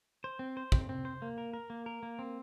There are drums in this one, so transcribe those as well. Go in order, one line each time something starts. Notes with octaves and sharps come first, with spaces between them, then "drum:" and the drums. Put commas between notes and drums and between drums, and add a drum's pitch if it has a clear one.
C5
C4
C5
C4, drum: kick A#1
C4
C5
A#3
A#4
A#4
A#3
A#4
A#3
C4